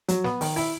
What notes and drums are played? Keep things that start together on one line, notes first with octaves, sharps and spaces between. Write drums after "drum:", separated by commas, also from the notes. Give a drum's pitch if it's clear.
F#3, drum: hi-hat
B3, drum: snare
D#3, drum: open hi-hat
E4, drum: open hi-hat